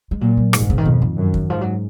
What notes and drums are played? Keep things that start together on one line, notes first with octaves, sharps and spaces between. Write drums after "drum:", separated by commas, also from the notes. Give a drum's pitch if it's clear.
G#3
A#2 F#3
F#3
G#2 F3, drum: rim click
D#3
C#3, drum: kick
D#3
F2 B2
D#3
F#2
drum: kick
G#2 F3
F#3